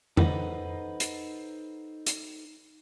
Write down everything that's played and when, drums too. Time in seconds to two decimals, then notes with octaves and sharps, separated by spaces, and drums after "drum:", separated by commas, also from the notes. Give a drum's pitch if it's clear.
0.17 D#4 A4 B4 C5 D#5 F#5, drum: tom F2
1.00 drum: hi-hat
2.06 drum: hi-hat